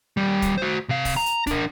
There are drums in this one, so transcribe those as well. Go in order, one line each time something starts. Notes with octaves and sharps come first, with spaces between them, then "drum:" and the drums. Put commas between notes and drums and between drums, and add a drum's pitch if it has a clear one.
D#2 G3
drum: kick, hi-hat
F#4 C5
C3 F5
drum: kick, open hi-hat
A#5
drum: hi-hat
D4 A#4, drum: kick, hi-hat